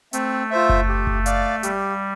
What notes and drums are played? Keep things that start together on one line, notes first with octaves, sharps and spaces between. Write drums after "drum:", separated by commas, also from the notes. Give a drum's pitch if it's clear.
A3 C4, drum: hi-hat
F4 C5 E5
drum: kick F#1
G4
drum: kick F#1
D5 F5, drum: hi-hat
G3 G4, drum: hi-hat